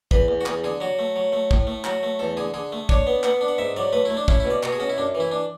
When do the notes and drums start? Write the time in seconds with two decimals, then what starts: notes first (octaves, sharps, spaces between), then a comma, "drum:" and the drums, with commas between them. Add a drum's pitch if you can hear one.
0.11 E2 B4, drum: kick
0.28 E2
0.41 F#4
0.46 E2 G#4, drum: clap
0.64 D3 G#4
0.81 F#3 F#4
0.99 A3
1.16 F#3
1.32 A3
1.51 A2, drum: kick
1.67 A3
1.84 F#3 F#4, drum: clap
2.03 A3
2.19 E2 A4
2.37 D3 G#4
2.54 D3 G#4
2.72 A3
2.89 D4 C#5, drum: kick
3.07 B3
3.24 B3 F#5, drum: clap
3.41 D4
3.48 F#5
3.58 G#2 E5
3.76 F#3 D5
3.93 A3 B4
4.05 E4
4.10 A3
4.17 D4
4.28 C#4 E4, drum: kick
4.40 E4
4.45 B2
4.50 D5
4.63 B2 F#4, drum: clap
4.72 G#4
4.80 C#4 F#4
4.89 E4
4.97 F#2 D4
5.15 E3
5.20 E4
5.31 D4